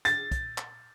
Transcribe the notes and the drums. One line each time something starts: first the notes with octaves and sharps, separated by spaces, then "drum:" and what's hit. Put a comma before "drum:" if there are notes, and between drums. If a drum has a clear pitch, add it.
A6, drum: hi-hat
drum: kick, hi-hat
drum: clap